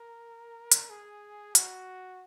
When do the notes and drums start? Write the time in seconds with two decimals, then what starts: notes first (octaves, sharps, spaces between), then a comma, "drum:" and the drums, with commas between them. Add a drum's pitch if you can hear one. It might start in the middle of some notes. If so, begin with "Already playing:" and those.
Already playing: A#4
0.72 drum: hi-hat
0.90 G#4
1.55 F#4, drum: hi-hat